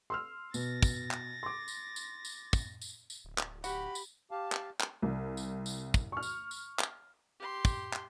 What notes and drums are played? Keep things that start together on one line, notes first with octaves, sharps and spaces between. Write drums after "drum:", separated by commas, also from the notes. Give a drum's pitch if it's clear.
C6 E6 F6
B2 A6 A#6, drum: tambourine
drum: kick, tambourine
drum: clap
C6 D6
drum: tambourine
drum: tambourine
drum: tambourine
drum: kick, tambourine
drum: tambourine
drum: tambourine
D1
drum: clap
F#4 G4 B5, drum: tambourine
drum: tambourine
G4 F5 A5
drum: clap
drum: clap
C2
drum: tambourine
drum: tambourine
drum: kick, tambourine
C#6 F6
drum: tambourine
drum: tambourine
drum: clap
G4 C6
drum: kick, tambourine
drum: clap